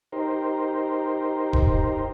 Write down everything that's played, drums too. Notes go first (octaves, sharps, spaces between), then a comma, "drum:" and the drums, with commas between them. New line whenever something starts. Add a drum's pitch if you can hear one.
D#4 G4 A#4 C5
drum: kick